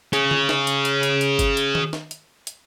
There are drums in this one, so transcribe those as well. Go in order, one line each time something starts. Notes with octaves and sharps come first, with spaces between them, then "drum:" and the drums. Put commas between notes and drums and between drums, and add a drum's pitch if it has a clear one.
G#4 C#5, drum: hi-hat
drum: tom D3
drum: snare
drum: hi-hat
drum: hi-hat
drum: hi-hat
drum: hi-hat
drum: kick G1, hi-hat
drum: hi-hat
drum: tom D#3
drum: snare
drum: hi-hat
drum: hi-hat